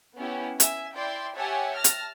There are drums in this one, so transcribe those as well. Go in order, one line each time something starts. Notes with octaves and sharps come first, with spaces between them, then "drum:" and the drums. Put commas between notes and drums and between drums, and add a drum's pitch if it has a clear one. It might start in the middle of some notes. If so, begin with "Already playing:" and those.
B3 C#4 E4 G4
E5 G#5, drum: hi-hat
E4 D5 G5 C6
G4 C#5 E5 F#5 G#5 A5
A5 F6 A#6
drum: hi-hat